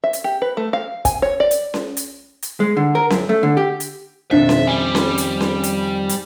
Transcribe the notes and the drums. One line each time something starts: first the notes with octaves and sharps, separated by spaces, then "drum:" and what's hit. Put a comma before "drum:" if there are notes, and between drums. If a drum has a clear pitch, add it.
E5
drum: hi-hat
G4
B4
A3
F5
G#5, drum: kick, hi-hat
C#5
D5
drum: hi-hat
drum: snare C#4
drum: hi-hat
drum: hi-hat
G#3
D3
A#4
F#2, drum: snare C#4
A3
D3
G4
drum: hi-hat
F2 B2 D#3 D4 D#4 E5
drum: snare C#4
G3 G#5
drum: snare C#4
drum: hi-hat
drum: snare C#4
drum: hi-hat
drum: hi-hat